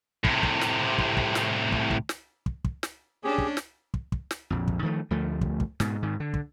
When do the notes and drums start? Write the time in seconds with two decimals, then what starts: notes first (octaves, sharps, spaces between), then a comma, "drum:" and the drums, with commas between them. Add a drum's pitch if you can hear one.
0.25 A2 C3, drum: kick
0.43 drum: kick
0.61 drum: snare
0.98 drum: kick
1.17 drum: kick
1.35 drum: snare
1.72 drum: kick
1.91 drum: kick
2.09 drum: snare
2.46 drum: kick
2.64 drum: kick
2.83 drum: snare
3.24 C#4 D4 G4 G#4
3.38 drum: kick
3.57 drum: snare
3.94 drum: kick
4.12 drum: kick
4.31 drum: snare
4.50 A#1 F2
4.68 drum: kick
4.82 D#3 F3 G#3 A3
5.11 D2 F3 A3
5.41 drum: kick
5.60 drum: kick
5.80 G#2 B2, drum: snare
6.02 G#2 D#3
6.20 D3
6.34 drum: kick